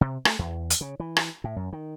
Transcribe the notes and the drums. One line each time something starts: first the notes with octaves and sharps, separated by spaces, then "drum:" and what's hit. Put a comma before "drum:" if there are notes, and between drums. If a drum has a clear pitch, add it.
C3
A3, drum: rim click
E2
drum: hi-hat
C#3
E3
drum: rim click
A2
F#2
D#3